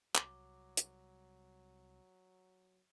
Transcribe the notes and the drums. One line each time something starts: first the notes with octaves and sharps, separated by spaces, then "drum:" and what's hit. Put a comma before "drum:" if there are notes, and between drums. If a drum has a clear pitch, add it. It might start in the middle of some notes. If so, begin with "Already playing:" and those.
C2 F#3 D6, drum: clap
drum: hi-hat